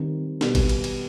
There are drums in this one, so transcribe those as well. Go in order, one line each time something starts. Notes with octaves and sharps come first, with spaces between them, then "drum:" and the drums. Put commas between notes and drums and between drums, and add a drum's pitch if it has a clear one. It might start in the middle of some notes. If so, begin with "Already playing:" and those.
Already playing: D#3 G3 C4
B2 G3 B3, drum: snare
drum: kick G#1, cymbal
drum: cymbal
drum: cymbal